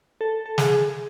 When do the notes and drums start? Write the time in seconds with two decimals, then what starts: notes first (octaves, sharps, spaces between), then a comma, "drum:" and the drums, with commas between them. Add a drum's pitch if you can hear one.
0.21 A4
0.46 A4
0.58 G#4, drum: snare